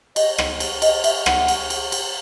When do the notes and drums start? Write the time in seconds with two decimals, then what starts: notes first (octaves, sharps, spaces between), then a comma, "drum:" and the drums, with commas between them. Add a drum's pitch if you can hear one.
0.16 D#5, drum: cymbal
0.38 drum: rim click
0.60 drum: cymbal
0.82 D#5, drum: cymbal
1.04 E5, drum: cymbal
1.26 F#5, drum: rim click
1.48 drum: cymbal
1.70 drum: cymbal
1.92 drum: cymbal